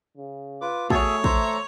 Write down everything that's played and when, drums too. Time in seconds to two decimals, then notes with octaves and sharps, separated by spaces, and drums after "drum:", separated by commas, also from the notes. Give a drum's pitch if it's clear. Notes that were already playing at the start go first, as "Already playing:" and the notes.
0.17 C#3
0.61 F4 B4 D6
0.90 A3 F#4 G#4 C#5 E5 A5, drum: kick
1.24 C5 E5 A#5, drum: kick